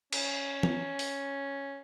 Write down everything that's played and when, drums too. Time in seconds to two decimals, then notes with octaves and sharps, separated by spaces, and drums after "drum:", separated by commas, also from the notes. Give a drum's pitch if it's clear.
0.13 C#4, drum: cymbal
0.63 drum: tom
0.99 drum: open hi-hat